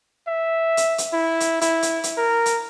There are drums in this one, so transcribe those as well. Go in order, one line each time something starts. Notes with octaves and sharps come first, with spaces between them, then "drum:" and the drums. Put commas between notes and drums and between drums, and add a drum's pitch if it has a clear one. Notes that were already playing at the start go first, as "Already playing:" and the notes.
E5
drum: hi-hat
drum: hi-hat
E4
drum: hi-hat
E4, drum: hi-hat
drum: hi-hat
drum: hi-hat
A#4
drum: hi-hat